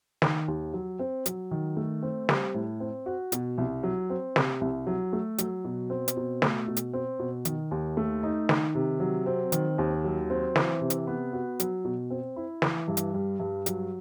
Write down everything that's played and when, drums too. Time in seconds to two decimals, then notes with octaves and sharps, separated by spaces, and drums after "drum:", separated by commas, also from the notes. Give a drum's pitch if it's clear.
0.22 D#3, drum: snare
0.48 D#2
0.74 F#3
0.99 C4
1.26 F#3, drum: hi-hat
1.51 D#3
1.77 A3
2.03 C4
2.29 G3, drum: snare
2.54 A2
2.80 C4
3.06 F#4
3.32 B2, drum: hi-hat
3.58 C2
3.83 F#3
4.10 C4
4.36 C3, drum: snare
4.61 C2
4.87 F#3
5.13 A3
5.38 F#3, drum: hi-hat
5.65 B2
5.90 C4
6.08 drum: hi-hat
6.17 B2
6.42 A3, drum: snare
6.68 B2
6.77 drum: hi-hat
6.93 C4
7.19 B2
7.45 D#3, drum: hi-hat
7.71 D#2
7.97 A3
8.23 D#4
8.49 D#3, drum: snare
8.75 C3
9.00 F#3
9.26 C4
9.52 D#3, drum: hi-hat
9.78 D#2
10.04 F#3
10.30 C4
10.56 E3, drum: snare
10.81 C3
10.90 drum: hi-hat
11.07 B3
11.33 F#4
11.60 F#3, drum: hi-hat
11.85 B2
12.10 C4
12.36 E4
12.62 E3, drum: snare
12.88 G2
12.97 drum: hi-hat
13.14 G3
13.40 G2
13.66 F#3, drum: hi-hat